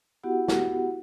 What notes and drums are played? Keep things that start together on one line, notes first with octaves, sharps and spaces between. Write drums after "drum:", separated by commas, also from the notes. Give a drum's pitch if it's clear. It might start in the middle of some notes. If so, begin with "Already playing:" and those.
B3 E4 F#4 G4 F#5
drum: snare